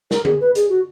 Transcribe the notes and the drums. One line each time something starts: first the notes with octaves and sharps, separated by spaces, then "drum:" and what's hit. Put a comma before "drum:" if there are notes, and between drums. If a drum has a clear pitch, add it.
A#4, drum: snare
G#4, drum: tom D3
B4
G#4, drum: hi-hat
F#4